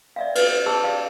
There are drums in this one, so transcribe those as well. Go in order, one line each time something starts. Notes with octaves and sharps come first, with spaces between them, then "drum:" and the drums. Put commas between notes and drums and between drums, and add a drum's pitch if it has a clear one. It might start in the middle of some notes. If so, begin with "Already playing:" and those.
D5 E5 F5
B4, drum: cymbal
G4 G#4 A5 E6
G#4 D5 F5